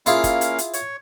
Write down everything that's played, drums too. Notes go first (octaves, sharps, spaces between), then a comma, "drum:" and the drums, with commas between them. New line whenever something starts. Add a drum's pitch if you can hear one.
A#3 C#4 E4 F4 G#4 F5, drum: hi-hat
drum: kick, hi-hat
drum: hi-hat
drum: hi-hat
C#5, drum: hi-hat